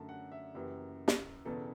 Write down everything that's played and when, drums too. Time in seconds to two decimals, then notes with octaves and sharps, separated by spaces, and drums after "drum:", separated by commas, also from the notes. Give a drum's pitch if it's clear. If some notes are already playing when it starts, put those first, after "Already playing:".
Already playing: F#2 D3 A3 A5
0.09 F#5
0.32 E5
0.54 F#1 F#2 E3 G4
1.08 drum: snare
1.45 E1 E2 C#3 E3 A4